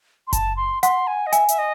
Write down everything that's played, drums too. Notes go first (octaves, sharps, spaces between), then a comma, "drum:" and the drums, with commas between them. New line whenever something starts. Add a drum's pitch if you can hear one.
C6
A5, drum: kick F#1, hi-hat
C6
F#5 C6, drum: hi-hat
G#5
D#5
E5 G#5, drum: hi-hat
E5, drum: hi-hat
D#5